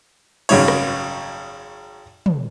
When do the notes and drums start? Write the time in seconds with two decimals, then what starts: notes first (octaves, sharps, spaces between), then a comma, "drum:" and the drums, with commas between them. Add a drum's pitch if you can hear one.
0.49 G#1 F#2 C#3 G3 D#4 C#5, drum: cymbal
0.68 drum: rim click
2.26 drum: tom